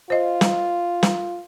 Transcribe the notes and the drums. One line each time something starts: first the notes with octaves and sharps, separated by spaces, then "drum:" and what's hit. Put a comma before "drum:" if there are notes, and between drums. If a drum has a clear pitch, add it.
F4 C5 D#5
drum: snare
drum: snare